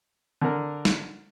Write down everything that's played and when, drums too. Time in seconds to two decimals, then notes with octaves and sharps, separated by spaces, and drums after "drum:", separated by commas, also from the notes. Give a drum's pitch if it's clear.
0.41 D3 A#4
0.85 drum: snare